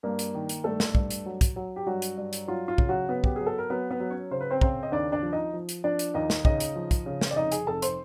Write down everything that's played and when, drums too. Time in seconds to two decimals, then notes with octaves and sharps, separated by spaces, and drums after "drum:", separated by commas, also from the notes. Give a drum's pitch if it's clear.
0.03 G2 A#3 A#4
0.19 drum: hi-hat
0.35 D#3
0.49 drum: hi-hat
0.64 G2 A3 A4
0.80 drum: snare
0.95 G2, drum: kick
1.10 drum: hi-hat
1.26 F#3
1.41 drum: kick, hi-hat
1.56 F#3
1.76 G4
1.86 G2 F#3 F#4
2.02 drum: hi-hat
2.17 G2
2.33 drum: hi-hat
2.48 F#3 F4
2.68 F4
2.78 C#3, drum: kick
2.89 F#3 F#4
3.09 F#3 B3 B4
3.24 G4, drum: kick
3.36 F#3 G#4
3.46 A4
3.58 A#4
3.70 F#3 B3 B4
3.90 B3 B4
4.00 F#3
4.11 C#4 C#5
4.31 C#3 C5
4.41 B4
4.51 C4 C5
4.61 C#3 C4 C5, drum: kick
4.83 D#5
4.92 D#2 D4 D5
5.12 D4 D5
5.23 F3
5.32 D#4 D#5
5.53 F3
5.69 drum: hi-hat
5.84 F3 D4 D5
5.99 drum: hi-hat
6.14 D#2 D#4 D#5
6.30 drum: snare
6.45 C#3 D#4 D#5, drum: kick
6.60 drum: hi-hat
6.76 F3
6.91 drum: kick, hi-hat
7.06 C#3
7.21 drum: snare
7.31 D5
7.36 F1 D#4 D#5
7.52 G#4 G#5, drum: hi-hat
7.67 F1 A4 A5
7.82 C5 C6, drum: hi-hat